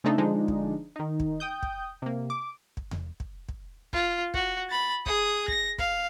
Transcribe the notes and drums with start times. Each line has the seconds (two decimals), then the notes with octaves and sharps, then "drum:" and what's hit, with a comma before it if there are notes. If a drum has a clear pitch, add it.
0.04 C#3 A3 C4 D4 D#4 A4
0.18 D3 F3 G#3 D4 D#4
0.48 drum: kick
0.96 D#3 D#4
1.20 drum: kick
1.40 G5 D#6 G6
1.63 drum: kick
2.02 C3 A#3
2.30 D6
2.77 drum: kick
2.91 drum: tom E2
3.20 drum: kick
3.49 drum: kick
3.93 F4, drum: kick
4.34 F#4, drum: kick
4.70 B5 A6
5.06 G#4 D#6, drum: kick
5.48 A#6, drum: kick
5.78 F5, drum: kick